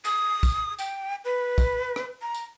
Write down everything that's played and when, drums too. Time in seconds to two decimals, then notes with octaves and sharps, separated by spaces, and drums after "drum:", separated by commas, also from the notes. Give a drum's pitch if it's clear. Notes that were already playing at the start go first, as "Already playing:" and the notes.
0.05 D#6, drum: tambourine
0.43 drum: kick, tambourine
0.79 G5, drum: tambourine
1.25 B4
1.58 drum: kick, tambourine
1.96 drum: rim click
2.22 A#5
2.34 drum: tambourine